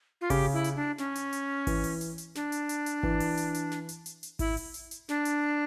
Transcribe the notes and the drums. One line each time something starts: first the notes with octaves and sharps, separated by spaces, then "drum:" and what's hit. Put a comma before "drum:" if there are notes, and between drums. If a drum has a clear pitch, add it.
F4
C#3 G4, drum: kick G#1, open hi-hat
E4
drum: hi-hat
D4
C#4, drum: snare
drum: hi-hat
drum: hi-hat
E3, drum: kick G#1, open hi-hat
drum: open hi-hat
drum: hi-hat
drum: hi-hat
D4, drum: snare
drum: hi-hat
drum: hi-hat
drum: hi-hat
E3, drum: kick G#1
drum: open hi-hat
drum: hi-hat
drum: hi-hat
drum: snare
drum: hi-hat
drum: hi-hat
drum: hi-hat
E4, drum: kick G#1, open hi-hat
drum: open hi-hat
drum: hi-hat
drum: hi-hat
D4, drum: snare
drum: hi-hat